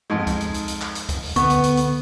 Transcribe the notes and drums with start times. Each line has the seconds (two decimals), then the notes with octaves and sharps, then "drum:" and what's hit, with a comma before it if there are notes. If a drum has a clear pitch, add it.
0.10 F2 G#2 G#3
0.27 drum: kick C#2, hi-hat
0.41 drum: hi-hat
0.54 drum: hi-hat
0.68 drum: hi-hat
0.82 drum: clap
0.95 drum: hi-hat
1.09 drum: kick C#2, hi-hat
1.23 drum: open hi-hat
1.36 D3 B3 C#6, drum: kick C#2, hi-hat
1.50 drum: hi-hat
1.64 drum: hi-hat
1.77 drum: hi-hat